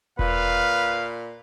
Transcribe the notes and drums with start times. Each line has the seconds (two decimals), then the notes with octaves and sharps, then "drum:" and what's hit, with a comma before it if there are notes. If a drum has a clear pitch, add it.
0.19 A#2 B4 F5, drum: kick E1